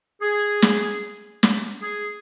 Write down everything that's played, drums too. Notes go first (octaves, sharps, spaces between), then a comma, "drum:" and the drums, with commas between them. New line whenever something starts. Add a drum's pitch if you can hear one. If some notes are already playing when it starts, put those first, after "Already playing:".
G#4
drum: snare
drum: snare
G#4